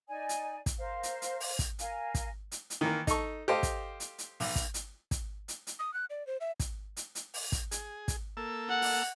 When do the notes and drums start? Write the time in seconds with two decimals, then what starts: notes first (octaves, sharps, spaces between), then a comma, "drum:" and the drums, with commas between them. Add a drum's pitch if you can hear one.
0.08 D#4 D5 G#5
0.29 drum: hi-hat
0.66 drum: kick, hi-hat
0.78 A#4 C5 F5
1.03 drum: hi-hat
1.22 drum: hi-hat
1.40 drum: open hi-hat
1.59 drum: kick, hi-hat
1.79 A#4 F5 G#5, drum: hi-hat
2.15 drum: kick, hi-hat
2.52 drum: hi-hat
2.70 drum: hi-hat
2.81 D#3 E3 A#3
3.07 D#4 A4 C#6, drum: kick, hi-hat
3.48 G4 A4 C5 D#5 F5
3.63 drum: kick, hi-hat
4.00 drum: hi-hat
4.18 drum: hi-hat
4.40 B1, drum: open hi-hat
4.56 drum: kick, hi-hat
4.74 drum: hi-hat
5.11 drum: kick, hi-hat
5.48 drum: hi-hat
5.67 drum: hi-hat
5.79 D#6
5.94 F#6
6.10 D5
6.27 C5
6.41 E5
6.60 drum: kick, hi-hat
6.97 drum: hi-hat
7.15 drum: hi-hat
7.34 drum: open hi-hat
7.52 drum: kick, hi-hat
7.71 G#4, drum: hi-hat
8.08 drum: kick, hi-hat
8.37 A#3 A4 E6
8.69 F#5
8.82 drum: open hi-hat